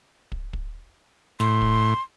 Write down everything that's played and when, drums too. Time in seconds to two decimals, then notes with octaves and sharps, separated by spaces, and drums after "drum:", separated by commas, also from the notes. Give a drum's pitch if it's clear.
0.32 drum: kick
0.53 drum: kick
1.40 A2 C6, drum: snare
1.61 drum: kick